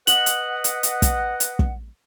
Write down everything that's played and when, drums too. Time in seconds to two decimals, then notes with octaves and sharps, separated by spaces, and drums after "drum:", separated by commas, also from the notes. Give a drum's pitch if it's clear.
0.07 B4 D#5 F#5 F#7, drum: hi-hat
0.26 drum: hi-hat
0.64 drum: hi-hat
0.83 drum: hi-hat
1.02 drum: kick, hi-hat
1.40 drum: hi-hat
1.59 drum: kick